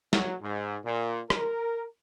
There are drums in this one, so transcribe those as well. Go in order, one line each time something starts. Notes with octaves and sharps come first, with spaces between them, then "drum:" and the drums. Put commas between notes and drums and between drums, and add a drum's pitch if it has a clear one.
F#3, drum: snare
G#2
A#2
A#4, drum: rim click